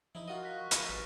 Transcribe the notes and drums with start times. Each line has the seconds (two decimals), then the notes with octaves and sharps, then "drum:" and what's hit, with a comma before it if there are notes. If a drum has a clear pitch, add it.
0.15 F3 D#4 E4
0.28 F4 F#4 A#4 D#5 F5
0.43 F#6 A#6 B6
0.57 C#6
0.71 D#6 A#6 D#7, drum: hi-hat
0.89 G#1 G2 F6 A6